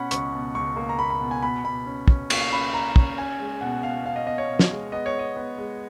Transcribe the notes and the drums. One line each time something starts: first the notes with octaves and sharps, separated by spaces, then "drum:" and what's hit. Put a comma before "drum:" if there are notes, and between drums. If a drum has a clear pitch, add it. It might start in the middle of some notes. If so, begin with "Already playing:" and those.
Already playing: B2 C#4 F#5 B5
C#2 C#6, drum: hi-hat
B2
C#2 C#6
A#3
A#5
A#3 B5
B5
B2
G#5
B2 B5
B2 B5
C#4
C#4, drum: kick
A#3 C#6, drum: cymbal
C#4 B5
C#4 A#5
C#4, drum: kick
C#4 G#5
G#3
B2 F#5
B2 F5
C#4 F5
D#5
B2 D#5
C#5
B2
drum: snare
G#3
B3 D#5
C#5
B3 D#5
B3
G#3